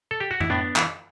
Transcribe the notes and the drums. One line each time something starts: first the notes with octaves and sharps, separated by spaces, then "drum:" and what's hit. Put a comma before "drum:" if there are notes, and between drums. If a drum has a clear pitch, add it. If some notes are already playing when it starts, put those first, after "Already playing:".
A4
G4
F#4
E4, drum: tom F2
A2 B3 D4
E3, drum: clap